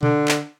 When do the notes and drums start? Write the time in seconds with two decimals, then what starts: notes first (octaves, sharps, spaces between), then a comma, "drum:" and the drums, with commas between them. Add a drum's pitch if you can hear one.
0.03 D3, drum: tom B2
0.28 drum: clap